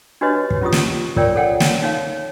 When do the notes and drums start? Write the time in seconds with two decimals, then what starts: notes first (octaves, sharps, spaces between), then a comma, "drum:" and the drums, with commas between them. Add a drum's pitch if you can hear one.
0.21 D4 F#4 G4 B4 C#5 D#5
0.50 drum: kick
0.62 C#4 F4 G4 D#6
0.72 drum: snare
1.16 F4 A#4 C#5 D5 G5, drum: kick
1.36 A4 C#5 F#5 G5
1.60 drum: snare
1.82 D#4 C#5 F5